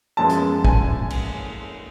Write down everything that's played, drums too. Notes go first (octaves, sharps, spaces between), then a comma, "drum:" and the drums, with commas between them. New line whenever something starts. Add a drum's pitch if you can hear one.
F#2 F3 G#3 B3 A5
drum: hi-hat
G#5, drum: kick
drum: cymbal